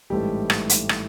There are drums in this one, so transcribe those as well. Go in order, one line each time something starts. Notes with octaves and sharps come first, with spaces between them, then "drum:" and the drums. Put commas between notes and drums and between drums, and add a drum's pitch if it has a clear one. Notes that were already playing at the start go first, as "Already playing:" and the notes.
A1 G#2 E3 G3 A3 G4
drum: rim click
drum: hi-hat
drum: rim click